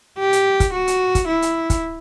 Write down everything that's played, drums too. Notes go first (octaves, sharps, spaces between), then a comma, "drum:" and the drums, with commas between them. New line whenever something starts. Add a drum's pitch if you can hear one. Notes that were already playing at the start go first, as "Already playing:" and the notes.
G4
drum: hi-hat
drum: kick, hi-hat
F#4
drum: hi-hat
drum: kick, hi-hat
E4
drum: hi-hat
drum: kick, hi-hat